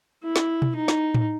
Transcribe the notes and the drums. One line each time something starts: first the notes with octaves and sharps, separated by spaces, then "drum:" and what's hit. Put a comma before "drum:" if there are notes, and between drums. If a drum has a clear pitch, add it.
E4
drum: snare
drum: tom B2
D#4
drum: snare
drum: tom A2